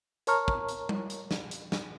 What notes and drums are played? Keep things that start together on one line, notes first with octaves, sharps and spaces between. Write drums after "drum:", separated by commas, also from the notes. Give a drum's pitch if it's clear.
A#4 C#5 A5 A#5 C#6 F6, drum: hi-hat
drum: kick
drum: hi-hat
drum: tom G3
drum: hi-hat
drum: snare
drum: hi-hat
drum: snare